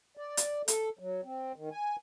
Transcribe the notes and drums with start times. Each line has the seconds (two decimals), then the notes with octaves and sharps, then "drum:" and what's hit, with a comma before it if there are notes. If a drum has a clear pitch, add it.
0.17 D5
0.37 drum: hi-hat
0.68 A4, drum: hi-hat
0.99 F#3
1.24 C4
1.56 D#3
1.72 G#5